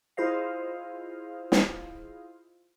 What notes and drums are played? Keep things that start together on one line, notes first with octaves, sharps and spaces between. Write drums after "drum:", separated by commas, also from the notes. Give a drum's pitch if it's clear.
E4 F4 G#4 C5 D#5 F5
drum: snare